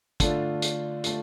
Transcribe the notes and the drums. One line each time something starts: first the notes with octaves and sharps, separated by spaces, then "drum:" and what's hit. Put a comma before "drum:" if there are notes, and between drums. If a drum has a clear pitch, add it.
D3 A3 D4 F4, drum: kick, hi-hat
drum: hi-hat
A3 D4 F4, drum: hi-hat